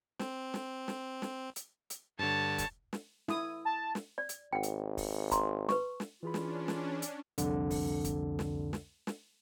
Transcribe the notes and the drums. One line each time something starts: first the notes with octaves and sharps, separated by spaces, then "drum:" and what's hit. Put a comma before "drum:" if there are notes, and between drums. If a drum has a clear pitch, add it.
C4, drum: snare
drum: snare
drum: snare
drum: snare
drum: hi-hat
drum: hi-hat
G2 D3 C#5 A5
drum: kick, hi-hat
drum: snare
E4 D#6, drum: snare
A5
drum: snare
D5
drum: hi-hat
G#1 F#5 G5
drum: hi-hat
drum: kick, open hi-hat
A#5 C6, drum: kick, hi-hat
B4 C#6, drum: snare
drum: snare
E3 C#4 D4 F4 G#4 B5
drum: snare
drum: snare
drum: hi-hat
C2 F2 D3, drum: hi-hat
drum: kick, open hi-hat
drum: kick, hi-hat
drum: snare
drum: snare
drum: snare